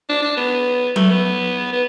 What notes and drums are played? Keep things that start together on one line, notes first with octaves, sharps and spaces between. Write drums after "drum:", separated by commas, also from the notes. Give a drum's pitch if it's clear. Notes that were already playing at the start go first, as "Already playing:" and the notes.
D4
D4
B3
A3, drum: tom F#3
B3
B3